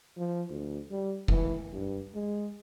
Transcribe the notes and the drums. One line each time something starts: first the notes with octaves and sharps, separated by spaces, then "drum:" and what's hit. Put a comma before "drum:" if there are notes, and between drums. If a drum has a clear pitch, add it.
F3
D2
G3
E3, drum: kick F1
G2
G#3